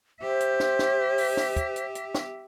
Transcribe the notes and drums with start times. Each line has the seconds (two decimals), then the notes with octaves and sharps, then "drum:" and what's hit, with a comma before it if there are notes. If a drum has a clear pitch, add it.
0.21 G4 C5 E5
0.40 drum: hi-hat
0.60 drum: snare
0.79 drum: snare
1.18 drum: open hi-hat
1.37 drum: snare
1.57 drum: kick, hi-hat
1.76 drum: hi-hat
1.95 drum: hi-hat
2.15 drum: snare